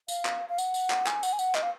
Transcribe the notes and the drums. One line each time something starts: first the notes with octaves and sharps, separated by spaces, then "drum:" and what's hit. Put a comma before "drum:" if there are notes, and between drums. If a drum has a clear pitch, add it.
F5, drum: tambourine
drum: clap
F5
F#5, drum: tambourine
drum: tambourine
drum: clap
G#5, drum: clap
F#5, drum: tambourine
G#5
F#5, drum: tambourine
D#5, drum: clap
F5